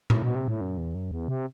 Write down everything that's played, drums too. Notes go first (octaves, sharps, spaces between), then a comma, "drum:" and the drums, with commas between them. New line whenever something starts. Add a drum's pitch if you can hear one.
A2, drum: tom A#2
B2
C3
A2
F#2
E2
F#2
E2
C3